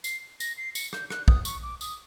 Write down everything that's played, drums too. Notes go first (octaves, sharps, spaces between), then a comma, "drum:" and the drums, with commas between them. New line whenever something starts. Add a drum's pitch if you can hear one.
C7, drum: tambourine
A#6, drum: tambourine
C7
C#7, drum: tambourine
G6, drum: rim click
F#6, drum: rim click
D#6, drum: kick
C#6, drum: tambourine
D6
D#6, drum: tambourine